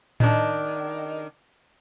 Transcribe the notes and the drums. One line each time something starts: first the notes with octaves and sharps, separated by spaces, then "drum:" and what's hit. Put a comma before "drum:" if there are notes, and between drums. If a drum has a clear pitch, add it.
D#3 D4, drum: tom A2